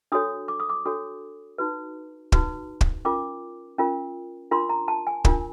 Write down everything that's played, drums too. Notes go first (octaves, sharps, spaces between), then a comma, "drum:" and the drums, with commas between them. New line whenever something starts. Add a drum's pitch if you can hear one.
D4 F#4 A4 C#5 D#6
D6
D#6
D6
D4 F#4 A4 C#5 D#6
D#4 F#4 B4
D#4 F#4 B4, drum: kick
drum: kick
C#4 F4 A#4 D6
C#4 F4 A#4
D4 F4 A#4 C6
A#5
A5
G#5
D4 F4 A#4, drum: kick